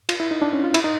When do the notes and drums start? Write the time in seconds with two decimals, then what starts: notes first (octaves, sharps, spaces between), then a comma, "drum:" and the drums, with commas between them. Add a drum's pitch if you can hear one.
0.09 F4, drum: cymbal
0.20 E4
0.31 D#4
0.42 D4
0.53 C#4
0.64 F4
0.74 E4, drum: cymbal
0.84 D#4